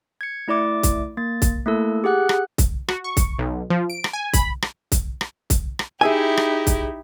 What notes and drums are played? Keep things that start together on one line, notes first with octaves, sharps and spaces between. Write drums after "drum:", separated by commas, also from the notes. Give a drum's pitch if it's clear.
G#6 C#7
A3 E4 D5 D6
drum: kick, hi-hat
A#3 A6
drum: kick, hi-hat
A3 A#3 E4 A4
G4 G#4 F#5 F#6
drum: rim click
drum: kick, hi-hat
F#4, drum: rim click
C#6
drum: kick, hi-hat
B1
F3
D7
drum: rim click
G#5
B5, drum: kick, hi-hat
drum: rim click
drum: kick, hi-hat
drum: rim click
drum: kick, hi-hat
drum: rim click
D#4 E4 G4 G#4 E5 G#5
drum: rim click
drum: kick, hi-hat